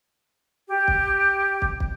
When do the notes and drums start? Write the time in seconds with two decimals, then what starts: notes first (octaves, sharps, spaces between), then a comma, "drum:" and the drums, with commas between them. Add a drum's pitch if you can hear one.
0.69 G4
0.88 drum: kick
1.62 drum: kick
1.80 drum: kick